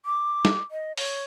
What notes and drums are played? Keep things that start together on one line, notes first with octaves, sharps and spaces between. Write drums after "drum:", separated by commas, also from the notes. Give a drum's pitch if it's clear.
D6
drum: snare
D#5
C#5, drum: open hi-hat